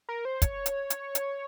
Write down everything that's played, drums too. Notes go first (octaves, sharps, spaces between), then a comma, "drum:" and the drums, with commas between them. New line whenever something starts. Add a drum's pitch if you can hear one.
A#4
C5
C#5, drum: kick, hi-hat
drum: hi-hat
drum: hi-hat
drum: hi-hat